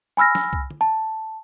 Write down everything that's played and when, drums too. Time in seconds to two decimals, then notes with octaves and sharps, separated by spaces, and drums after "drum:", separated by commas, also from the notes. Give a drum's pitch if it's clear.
0.17 G#5 B5 E6 F6 A#6
0.35 drum: snare
0.53 drum: kick C2
0.70 drum: tom D3
0.81 A5